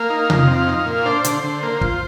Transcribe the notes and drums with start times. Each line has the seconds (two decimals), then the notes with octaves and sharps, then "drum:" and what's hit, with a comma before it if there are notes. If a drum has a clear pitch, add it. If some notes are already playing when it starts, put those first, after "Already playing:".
Already playing: A#3 F5
0.10 D#4
0.30 F2, drum: tom C3
0.48 C4
0.67 D#4
0.86 A#2
1.05 D4 C5
1.24 D3, drum: hi-hat
1.44 D3
1.63 A#3
1.81 F4, drum: kick